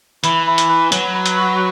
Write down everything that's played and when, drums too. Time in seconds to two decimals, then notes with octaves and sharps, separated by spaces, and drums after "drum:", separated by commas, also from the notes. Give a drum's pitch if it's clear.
0.24 E3 E4, drum: hi-hat
0.47 E4
0.58 drum: hi-hat
0.69 B4
0.92 F#3 B4, drum: hi-hat
1.14 B4
1.26 drum: hi-hat
1.37 F#4